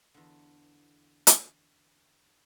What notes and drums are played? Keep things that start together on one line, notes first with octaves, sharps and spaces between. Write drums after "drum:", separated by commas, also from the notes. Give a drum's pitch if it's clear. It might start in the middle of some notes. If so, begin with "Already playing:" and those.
E2 D3
drum: hi-hat